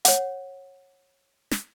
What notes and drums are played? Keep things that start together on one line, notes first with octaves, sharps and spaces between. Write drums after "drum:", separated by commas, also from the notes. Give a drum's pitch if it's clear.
C#5 F#5, drum: hi-hat
drum: snare